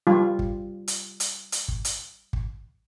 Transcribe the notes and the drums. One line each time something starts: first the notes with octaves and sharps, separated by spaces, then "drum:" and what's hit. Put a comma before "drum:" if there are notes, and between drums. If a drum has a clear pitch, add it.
G3 F4
drum: kick
drum: hi-hat
drum: hi-hat
drum: hi-hat
drum: kick
drum: hi-hat
drum: kick